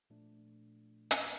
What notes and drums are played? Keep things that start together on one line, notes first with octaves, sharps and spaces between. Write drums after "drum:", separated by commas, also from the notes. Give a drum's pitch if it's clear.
A#2 F3 A3 D4
drum: hi-hat